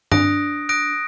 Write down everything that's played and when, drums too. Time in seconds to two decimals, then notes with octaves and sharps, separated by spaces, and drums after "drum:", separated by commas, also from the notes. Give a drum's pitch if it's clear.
0.12 D4 D#6 F#6 A#6 D7, drum: tom G2
0.69 D#6 F#6 A#6 D7